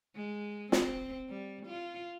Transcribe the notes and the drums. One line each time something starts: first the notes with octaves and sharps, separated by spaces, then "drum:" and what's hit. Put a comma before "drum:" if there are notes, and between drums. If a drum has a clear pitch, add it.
G#3
C4, drum: snare
G3
F4